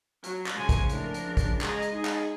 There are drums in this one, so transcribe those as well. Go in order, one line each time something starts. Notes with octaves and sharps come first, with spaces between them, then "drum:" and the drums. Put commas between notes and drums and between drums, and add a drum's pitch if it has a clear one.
F#3, drum: hi-hat
drum: clap
C#3 F3 G#3 C#4 G#5
drum: kick, hi-hat
A2 F3 D4 A#4, drum: hi-hat
drum: hi-hat
C#3
drum: kick, hi-hat
G#3 G#4 D#5 A#5, drum: clap
drum: hi-hat
D#4 G#4
drum: clap